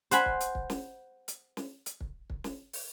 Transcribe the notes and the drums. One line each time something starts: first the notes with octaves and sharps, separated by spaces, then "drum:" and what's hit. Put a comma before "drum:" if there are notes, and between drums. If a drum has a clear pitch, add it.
C5 F#5 G#5 B5, drum: hi-hat
drum: kick
drum: hi-hat
drum: kick
drum: snare
drum: hi-hat
drum: snare
drum: hi-hat
drum: kick
drum: kick
drum: snare
drum: open hi-hat